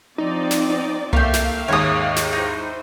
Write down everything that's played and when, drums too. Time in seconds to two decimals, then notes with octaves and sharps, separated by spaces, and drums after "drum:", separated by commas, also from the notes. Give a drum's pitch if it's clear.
0.18 F3 C4 D#4 D5
0.51 drum: snare
0.70 D#4
1.13 A3 A#3 G4 E5 F5, drum: tom C2
1.34 drum: snare
1.68 D#2 G#2 D#3 C#5 D#6
2.16 drum: snare
2.33 D#4 E4 C5